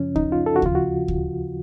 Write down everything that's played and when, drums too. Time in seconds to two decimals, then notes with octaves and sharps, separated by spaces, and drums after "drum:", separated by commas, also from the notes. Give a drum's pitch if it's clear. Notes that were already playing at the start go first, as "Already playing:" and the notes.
Already playing: F#2 C#3 F3 C#4
0.16 D#4, drum: kick D2
0.32 F4
0.46 A4
0.56 F#4
0.62 D#2 C#3 F3 F4, drum: kick D2
0.75 F#4
1.08 drum: kick D2